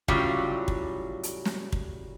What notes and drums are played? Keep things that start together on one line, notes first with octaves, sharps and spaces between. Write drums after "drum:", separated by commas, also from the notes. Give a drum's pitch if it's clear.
A2 C#3 F#3 G3 F4, drum: kick
drum: kick
drum: hi-hat
drum: snare
drum: kick